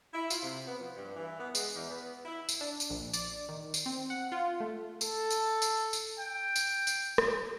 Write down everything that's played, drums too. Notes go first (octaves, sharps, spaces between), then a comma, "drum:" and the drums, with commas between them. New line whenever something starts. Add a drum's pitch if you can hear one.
E4
F4, drum: tambourine
C3
B3
F3
G2
E3
B3
G#3, drum: tambourine
E2
B3
E4
drum: tambourine
D4
drum: tambourine
A#1
D5, drum: tambourine
D#3
drum: tambourine
C4
F#5
F4
A3
A4, drum: tambourine
drum: tambourine
drum: tambourine
drum: tambourine
G5
drum: tambourine
drum: tambourine
drum: rim click